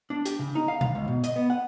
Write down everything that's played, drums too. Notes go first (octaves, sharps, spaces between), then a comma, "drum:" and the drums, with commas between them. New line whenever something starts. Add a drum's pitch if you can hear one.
D4
G4, drum: hi-hat
C#3
D#4
F5
F5, drum: tom B2
C#2
B2
D#5, drum: hi-hat
B3
F#5